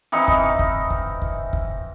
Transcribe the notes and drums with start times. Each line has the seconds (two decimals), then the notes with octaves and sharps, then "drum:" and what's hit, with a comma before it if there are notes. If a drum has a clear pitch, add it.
0.12 E3 C4 D#4 F5
0.28 drum: kick
0.59 drum: kick
0.90 drum: kick
1.22 drum: kick
1.53 drum: kick